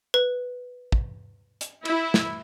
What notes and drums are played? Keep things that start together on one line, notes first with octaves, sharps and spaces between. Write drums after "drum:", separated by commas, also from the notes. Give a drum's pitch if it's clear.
B4
drum: kick
drum: hi-hat
E4, drum: cymbal
drum: snare